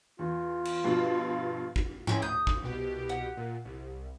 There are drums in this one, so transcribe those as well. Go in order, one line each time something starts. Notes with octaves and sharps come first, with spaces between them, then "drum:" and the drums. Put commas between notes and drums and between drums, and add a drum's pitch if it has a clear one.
E2 F4
drum: cymbal
G2 B2 F3
drum: kick
C4 C#4 E4 G#4 G5, drum: tom G#2
D2 D#6 G6
drum: kick
C2 B2 G4
F#5
A#2
C2